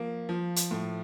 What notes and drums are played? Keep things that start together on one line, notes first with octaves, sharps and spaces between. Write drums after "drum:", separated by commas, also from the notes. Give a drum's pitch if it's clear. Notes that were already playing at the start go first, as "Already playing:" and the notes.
Already playing: F3 A#3
F3
drum: hi-hat
A2